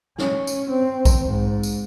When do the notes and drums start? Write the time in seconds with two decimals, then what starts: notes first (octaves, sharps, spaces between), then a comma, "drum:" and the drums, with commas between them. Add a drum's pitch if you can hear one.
0.18 C#4, drum: snare
0.47 drum: tambourine
0.70 C4
1.05 drum: kick A#1, tambourine
1.27 G#2
1.63 drum: tambourine